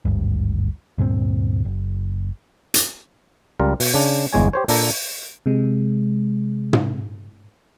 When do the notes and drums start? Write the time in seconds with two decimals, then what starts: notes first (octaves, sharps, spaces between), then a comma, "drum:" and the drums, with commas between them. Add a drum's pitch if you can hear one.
0.05 G#1 D2 G2
0.98 D2 G2 A#2 C4
1.65 F#1
2.74 drum: hi-hat
3.59 C#2 G3 F4 A#4
3.80 B2, drum: open hi-hat
3.94 C#3 D4
4.33 G1 E2 G#3 C#5 G#5
4.53 G4 C5 C#5
4.68 A#2 D4 A4 A#5, drum: open hi-hat
5.46 C3 G#3
6.73 drum: tom